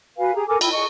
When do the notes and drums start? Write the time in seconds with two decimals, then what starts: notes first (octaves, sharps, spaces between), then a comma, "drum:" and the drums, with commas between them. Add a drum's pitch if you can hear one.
0.18 F#4 B4 F5 G#5
0.35 G4 G#4 A#5
0.48 A4 A#4 G#5 D6
0.61 E4 F4 G5 B5, drum: cymbal
0.73 G#4 D#5 C#6